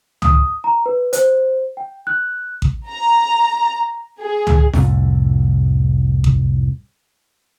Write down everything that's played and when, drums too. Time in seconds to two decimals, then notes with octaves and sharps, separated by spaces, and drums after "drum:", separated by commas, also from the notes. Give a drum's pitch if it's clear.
0.22 D#6, drum: tom C#2
0.64 A#5
0.86 B4
1.13 C5, drum: hi-hat
1.77 G5
2.07 F#6
2.62 drum: kick A1
2.89 A#5
4.21 G#4
4.47 drum: tom C#2
4.73 C2 F2 A2, drum: snare
6.24 drum: kick A1